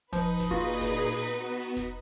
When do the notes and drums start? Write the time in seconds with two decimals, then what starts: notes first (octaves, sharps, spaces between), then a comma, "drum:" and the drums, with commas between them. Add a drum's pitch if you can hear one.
0.13 F3 D#4 B4 D#5, drum: snare F1
0.40 drum: snare F1
0.51 A#2 F4 F#4 G#4 B5, drum: kick F#1
0.81 drum: snare F1
1.22 B3 F#4 B6
1.77 drum: snare F1